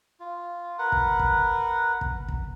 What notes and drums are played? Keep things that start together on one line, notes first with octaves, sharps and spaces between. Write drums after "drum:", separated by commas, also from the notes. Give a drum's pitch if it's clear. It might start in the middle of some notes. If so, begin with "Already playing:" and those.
F4
A#4 B4 F#5
drum: kick
drum: kick
drum: kick
drum: kick